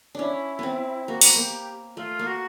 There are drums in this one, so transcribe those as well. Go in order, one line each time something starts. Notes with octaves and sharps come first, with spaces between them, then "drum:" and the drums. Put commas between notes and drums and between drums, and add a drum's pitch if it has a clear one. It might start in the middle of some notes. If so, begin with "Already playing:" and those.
C#4 D4 E4
B3 C4
A#3 F#4
B3, drum: open hi-hat
A#3 G4
A3 F4
A#3
F#4